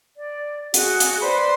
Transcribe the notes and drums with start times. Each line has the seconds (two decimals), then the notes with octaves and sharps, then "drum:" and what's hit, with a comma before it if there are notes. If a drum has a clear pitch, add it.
0.17 D5
0.74 F#4 G#4, drum: hi-hat
1.00 drum: hi-hat
1.22 B4 C5 D5 B5 C6